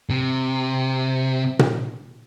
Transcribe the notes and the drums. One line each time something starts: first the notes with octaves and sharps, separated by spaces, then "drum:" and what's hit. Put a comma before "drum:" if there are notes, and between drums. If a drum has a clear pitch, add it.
C3
drum: tom A#2